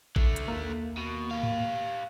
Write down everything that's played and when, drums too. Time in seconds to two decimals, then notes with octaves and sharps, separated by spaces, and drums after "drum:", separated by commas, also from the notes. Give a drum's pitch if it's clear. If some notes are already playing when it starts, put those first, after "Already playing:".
0.16 D3 A3, drum: kick A1
0.36 drum: hi-hat
0.48 D#2 A#3
0.97 B2
1.31 G4 F5
1.43 drum: tom G#2